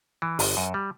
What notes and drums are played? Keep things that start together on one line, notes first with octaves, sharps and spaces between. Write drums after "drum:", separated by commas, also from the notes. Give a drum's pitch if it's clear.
E3
G1, drum: open hi-hat
F#2
G3